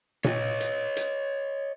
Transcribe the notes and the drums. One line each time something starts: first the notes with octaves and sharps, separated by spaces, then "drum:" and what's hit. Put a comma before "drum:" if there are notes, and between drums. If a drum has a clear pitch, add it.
C#5 D#5, drum: tom A#2
drum: hi-hat
drum: hi-hat